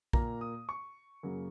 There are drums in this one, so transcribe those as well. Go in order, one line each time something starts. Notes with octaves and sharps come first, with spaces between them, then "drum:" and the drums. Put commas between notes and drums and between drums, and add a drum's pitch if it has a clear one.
A#2 A#3 A#5, drum: kick
D#6
C#6
F#2 C#3 F#3 A#3